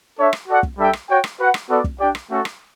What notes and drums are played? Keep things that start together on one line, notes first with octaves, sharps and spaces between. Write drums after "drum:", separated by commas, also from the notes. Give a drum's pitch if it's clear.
D4 A4 C#5 E5
drum: rim click
F#4 A4 D5 F#5
drum: kick
G3 D4 A4 E5 G5
drum: rim click
F#4 C#5 G5
drum: rim click
F#4 B4 F#5
drum: rim click
B3 F#4 A4 D5
drum: kick
D4 G4 D5 G5
drum: rim click
A3 C#4 F#4 A4
drum: rim click